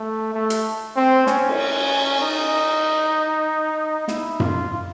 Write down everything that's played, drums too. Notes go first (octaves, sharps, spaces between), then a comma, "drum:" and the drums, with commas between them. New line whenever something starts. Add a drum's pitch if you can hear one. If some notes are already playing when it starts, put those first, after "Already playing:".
Already playing: A3
A3
drum: hi-hat
C4
C#4, drum: snare
drum: cymbal
D#4
E4, drum: snare
F4, drum: tom F#2